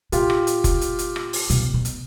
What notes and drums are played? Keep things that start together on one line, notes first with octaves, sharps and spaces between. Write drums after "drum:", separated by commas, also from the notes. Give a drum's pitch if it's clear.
A#2 F4 G4, drum: hi-hat
drum: rim click
drum: hi-hat
drum: kick F1, hi-hat
drum: hi-hat
drum: hi-hat
drum: rim click
drum: open hi-hat
B2, drum: hi-hat
B2
drum: hi-hat